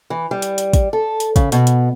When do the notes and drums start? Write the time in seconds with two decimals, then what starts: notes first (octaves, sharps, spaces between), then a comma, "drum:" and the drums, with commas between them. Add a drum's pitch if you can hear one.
0.10 E3
0.31 G3
0.42 drum: hi-hat
0.58 drum: hi-hat
0.73 drum: kick, hi-hat
0.93 A4
1.20 drum: hi-hat
1.36 C#3, drum: kick, hi-hat
1.52 B2, drum: hi-hat
1.67 drum: hi-hat